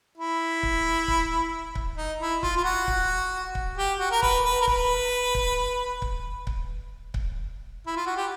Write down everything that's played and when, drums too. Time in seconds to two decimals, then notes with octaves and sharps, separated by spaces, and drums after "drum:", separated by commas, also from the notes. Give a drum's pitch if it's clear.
0.18 E4
0.63 drum: kick C#1
1.08 drum: kick C#1
1.75 drum: kick C#1
1.97 D#4
2.20 E4
2.43 F4, drum: kick C#1
2.57 F4
2.65 F#4
2.88 drum: kick C#1
3.55 drum: kick C#1
3.78 G4
3.99 F#4
4.11 A#4
4.22 B4, drum: kick C#1
4.45 B4
4.62 A#4
4.67 B4, drum: kick C#1
5.35 drum: kick C#1
6.02 drum: kick C#1
6.47 drum: kick C#1
7.14 drum: kick C#1
7.87 E4
7.96 F4
8.06 F#4
8.17 G4